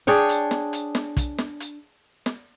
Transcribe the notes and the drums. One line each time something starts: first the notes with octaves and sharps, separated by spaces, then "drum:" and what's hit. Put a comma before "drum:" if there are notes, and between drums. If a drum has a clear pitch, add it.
D4 G#4 C#5 G5
drum: hi-hat
drum: snare
drum: hi-hat
drum: snare
drum: kick, hi-hat
drum: snare
drum: hi-hat
drum: snare